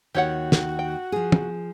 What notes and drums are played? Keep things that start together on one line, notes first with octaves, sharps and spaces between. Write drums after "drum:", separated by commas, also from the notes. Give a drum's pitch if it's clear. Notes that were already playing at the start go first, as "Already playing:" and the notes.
D#2 D#3 F#4 G4 C#5 F#5
drum: snare
G5
F3 G#4
drum: tom